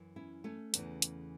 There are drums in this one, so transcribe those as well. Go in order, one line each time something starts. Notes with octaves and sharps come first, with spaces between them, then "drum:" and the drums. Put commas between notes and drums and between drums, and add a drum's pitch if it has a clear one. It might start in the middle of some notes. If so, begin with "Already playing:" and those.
Already playing: F#2 E3
C#4 E4
A3 C#4
E2 C#3 E3, drum: hi-hat
drum: hi-hat